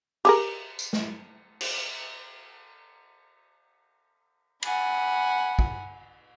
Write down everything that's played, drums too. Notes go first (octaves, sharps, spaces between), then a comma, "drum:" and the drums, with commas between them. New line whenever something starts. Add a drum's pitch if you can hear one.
G4 G#4 A#4, drum: cymbal
drum: tambourine
drum: snare
drum: cymbal
F#5 G#5 B5, drum: cymbal
drum: kick